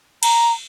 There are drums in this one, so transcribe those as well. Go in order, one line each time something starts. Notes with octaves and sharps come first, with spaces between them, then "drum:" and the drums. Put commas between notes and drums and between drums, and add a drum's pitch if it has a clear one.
A#5, drum: cymbal